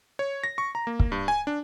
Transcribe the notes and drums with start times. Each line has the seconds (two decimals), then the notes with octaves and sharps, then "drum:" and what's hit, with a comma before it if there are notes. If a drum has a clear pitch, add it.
0.19 C#5
0.44 A#6
0.58 C#6
0.75 A#5
0.87 A#3
1.00 drum: kick
1.12 G2
1.28 G#5
1.47 D4